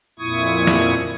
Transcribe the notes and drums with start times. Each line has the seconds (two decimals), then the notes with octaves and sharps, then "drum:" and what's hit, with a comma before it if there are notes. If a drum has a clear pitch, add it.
0.19 F2 A#2 E4 C#6 D#6 G#6
0.67 drum: snare